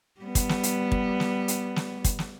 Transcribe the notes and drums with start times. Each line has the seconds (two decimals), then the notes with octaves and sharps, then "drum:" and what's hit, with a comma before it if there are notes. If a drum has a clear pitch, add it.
0.21 G3 B3
0.35 drum: kick, hi-hat
0.49 drum: snare
0.63 drum: hi-hat
0.92 drum: kick
1.20 drum: snare
1.48 drum: hi-hat
1.76 drum: snare
2.05 drum: kick, hi-hat
2.19 drum: snare